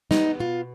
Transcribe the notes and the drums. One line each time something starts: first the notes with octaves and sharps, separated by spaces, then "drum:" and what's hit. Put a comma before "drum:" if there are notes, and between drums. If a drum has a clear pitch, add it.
B3 D#4, drum: snare
B2 F4